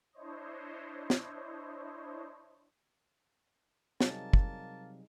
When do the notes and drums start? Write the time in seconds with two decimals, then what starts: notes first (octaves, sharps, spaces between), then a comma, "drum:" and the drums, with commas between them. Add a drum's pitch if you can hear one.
0.13 D4 E4 C5 C#5 D#5
1.10 drum: snare
4.00 C3 F#3 G3 A#3 C4 D#4 G#4 A5, drum: snare
4.33 drum: kick